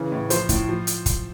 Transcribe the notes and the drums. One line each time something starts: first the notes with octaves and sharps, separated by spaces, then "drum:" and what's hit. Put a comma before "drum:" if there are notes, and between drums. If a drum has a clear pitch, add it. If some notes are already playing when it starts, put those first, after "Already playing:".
Already playing: C#3 E3
A2
F3 C5, drum: hi-hat
A2, drum: kick, hi-hat
F3
drum: hi-hat
drum: kick, hi-hat